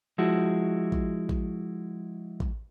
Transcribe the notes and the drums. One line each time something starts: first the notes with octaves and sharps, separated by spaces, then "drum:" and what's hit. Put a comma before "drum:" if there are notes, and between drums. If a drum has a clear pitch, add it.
F3 G#3 E4 F#4
drum: kick
drum: kick
drum: kick